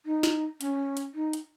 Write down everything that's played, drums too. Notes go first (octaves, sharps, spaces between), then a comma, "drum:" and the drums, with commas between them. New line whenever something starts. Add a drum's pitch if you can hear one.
D#4
drum: snare
C#4, drum: hi-hat
drum: hi-hat
D#4
drum: hi-hat